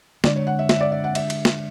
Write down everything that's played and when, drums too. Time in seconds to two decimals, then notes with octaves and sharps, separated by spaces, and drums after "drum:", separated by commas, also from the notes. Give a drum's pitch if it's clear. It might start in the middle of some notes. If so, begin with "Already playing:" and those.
0.24 D3 G#3 D4 D5, drum: snare
0.36 C#5
0.47 F#5
0.59 E5
0.69 E5, drum: snare
0.81 D5
0.92 E5
1.04 F#5
1.15 E5, drum: cymbal
1.30 drum: cymbal
1.45 drum: snare